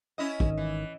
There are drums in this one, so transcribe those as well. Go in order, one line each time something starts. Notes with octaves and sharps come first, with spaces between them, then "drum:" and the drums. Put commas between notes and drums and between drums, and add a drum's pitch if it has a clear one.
C#4 E4 D#5
G#1 D#3, drum: kick
E3